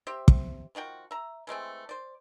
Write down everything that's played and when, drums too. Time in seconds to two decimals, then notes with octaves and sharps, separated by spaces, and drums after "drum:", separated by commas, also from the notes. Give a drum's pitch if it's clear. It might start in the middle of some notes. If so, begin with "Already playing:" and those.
0.07 C4 G4 C5 E5
0.28 drum: kick
0.75 D#3 F3 F#4 G5
1.11 E5 A#5
1.47 E3 G#3 A3 C4
1.89 C5 D5